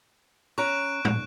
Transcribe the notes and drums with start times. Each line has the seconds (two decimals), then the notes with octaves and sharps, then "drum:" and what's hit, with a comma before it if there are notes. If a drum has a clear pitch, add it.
0.58 C#4 A#5 C#6 F#6 D7
1.05 drum: tom